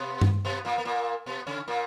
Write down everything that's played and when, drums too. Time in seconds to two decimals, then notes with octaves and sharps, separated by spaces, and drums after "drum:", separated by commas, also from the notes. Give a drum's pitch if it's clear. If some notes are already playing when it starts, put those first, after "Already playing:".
Already playing: B2 B3
0.21 drum: tom G2
0.45 B2 B3
0.65 A#2 A#3
0.78 B3
0.85 A#2 A#3
1.26 B2 B3
1.47 C#3 C#4
1.68 A#2 A#3